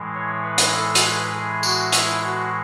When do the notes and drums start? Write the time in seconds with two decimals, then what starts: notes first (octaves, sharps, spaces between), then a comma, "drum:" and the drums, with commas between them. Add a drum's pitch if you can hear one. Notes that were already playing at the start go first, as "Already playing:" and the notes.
Already playing: A2 E3 G#3
0.15 C#5
0.44 B4
0.58 drum: hi-hat
0.74 A4
0.95 drum: hi-hat
1.04 B4
1.34 G#4
1.63 F#4, drum: tambourine
1.92 E4, drum: hi-hat
2.23 F#4